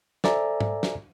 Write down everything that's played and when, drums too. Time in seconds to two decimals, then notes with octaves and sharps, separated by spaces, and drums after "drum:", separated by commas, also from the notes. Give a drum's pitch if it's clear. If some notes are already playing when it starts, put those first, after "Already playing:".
0.24 A4 C5 D5 E5 G#5 A#5, drum: snare
0.61 drum: tom G#2
0.83 drum: snare